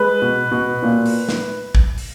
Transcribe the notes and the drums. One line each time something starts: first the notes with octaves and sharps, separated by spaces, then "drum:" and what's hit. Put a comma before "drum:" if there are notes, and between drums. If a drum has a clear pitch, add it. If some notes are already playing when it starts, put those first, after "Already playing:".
Already playing: G#3 B4
B2
B2
A#2
drum: open hi-hat
drum: snare
drum: kick
drum: open hi-hat